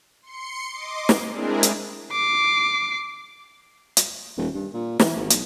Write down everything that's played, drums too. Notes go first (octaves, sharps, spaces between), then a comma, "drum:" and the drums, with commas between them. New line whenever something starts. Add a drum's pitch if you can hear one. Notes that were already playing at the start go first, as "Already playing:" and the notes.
C6 C#7
D#5 C6 D6
drum: snare
G#3 C4 D4 E4 G#4 A#4
drum: hi-hat
D6 C7
drum: hi-hat
D#1
G2
A#2
E3, drum: snare
G#1
B1, drum: hi-hat